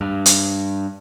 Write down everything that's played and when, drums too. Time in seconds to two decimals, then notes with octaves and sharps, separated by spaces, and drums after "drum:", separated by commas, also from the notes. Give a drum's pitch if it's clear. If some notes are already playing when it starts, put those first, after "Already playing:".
0.01 G2
0.26 drum: hi-hat